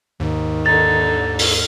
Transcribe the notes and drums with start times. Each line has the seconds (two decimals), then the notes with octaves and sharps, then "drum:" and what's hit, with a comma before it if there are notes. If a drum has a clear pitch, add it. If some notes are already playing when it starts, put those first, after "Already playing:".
0.20 D#2 G#2 D#3
0.66 D3 D#4 A6
1.39 drum: open hi-hat